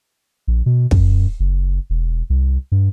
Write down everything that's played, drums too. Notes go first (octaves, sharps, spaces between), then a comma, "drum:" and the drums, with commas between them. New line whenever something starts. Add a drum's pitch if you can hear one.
A#1
B2
F#2, drum: kick
F#1
E1
C2
G2